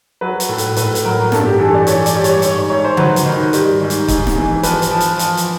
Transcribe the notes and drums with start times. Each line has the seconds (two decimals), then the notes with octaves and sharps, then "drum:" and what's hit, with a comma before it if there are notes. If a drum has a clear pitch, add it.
0.21 F#3 B4
0.40 drum: hi-hat
0.49 A2
0.58 drum: hi-hat
0.76 A2 B4, drum: hi-hat
0.95 drum: hi-hat
1.05 F#3 A#4
1.32 G2 A4, drum: snare
1.46 G4
1.59 E3 A4
1.74 D5
1.87 E3 C#5, drum: hi-hat
2.06 D5, drum: hi-hat
2.15 G3
2.24 C#5, drum: hi-hat
2.42 G#2 C#5, drum: hi-hat
2.56 C#5
2.70 G#2 C#5
2.85 C5
2.97 F#3 B4, drum: tom C#3
3.16 drum: hi-hat
3.26 D#3
3.53 G3, drum: hi-hat
3.80 G#2
3.90 drum: hi-hat
4.08 G#2, drum: kick, hi-hat
4.27 drum: snare
4.36 E3
4.63 F3 B4, drum: hi-hat
4.82 drum: hi-hat
4.91 F3
5.00 drum: hi-hat
5.19 F3, drum: hi-hat
5.37 drum: hi-hat